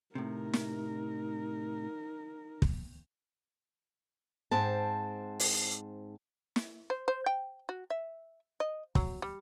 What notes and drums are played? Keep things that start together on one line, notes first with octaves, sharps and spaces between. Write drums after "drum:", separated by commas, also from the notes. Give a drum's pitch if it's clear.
A2 C3 D#4 A#4
drum: snare
drum: kick
G#2 C4 A5
drum: open hi-hat
drum: snare
C5
C5
G5
F#4
E5
D#5
F#3, drum: kick
G3